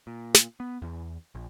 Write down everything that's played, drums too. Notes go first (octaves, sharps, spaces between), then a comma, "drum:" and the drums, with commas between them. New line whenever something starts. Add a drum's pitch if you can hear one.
A#2
drum: snare
B3
E2
A#1